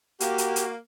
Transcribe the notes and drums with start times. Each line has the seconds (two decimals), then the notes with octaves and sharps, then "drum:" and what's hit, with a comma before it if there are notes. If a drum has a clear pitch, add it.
0.20 A#3 F#4 G4, drum: hi-hat
0.38 drum: hi-hat
0.56 drum: hi-hat